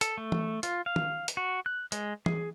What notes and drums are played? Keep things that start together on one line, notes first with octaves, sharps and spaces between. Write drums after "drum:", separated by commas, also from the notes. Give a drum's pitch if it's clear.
A4, drum: hi-hat
A3
drum: tom
F4, drum: hi-hat
F5
drum: tom
drum: hi-hat
F#4
F#6
G#3, drum: hi-hat
G#4, drum: tom